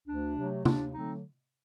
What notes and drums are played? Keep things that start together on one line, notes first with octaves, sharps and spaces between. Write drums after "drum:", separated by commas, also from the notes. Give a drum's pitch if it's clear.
D2 D4
C3 F#3 A3
D#2 D4, drum: tom
D3 F#3 A3 C4 D#4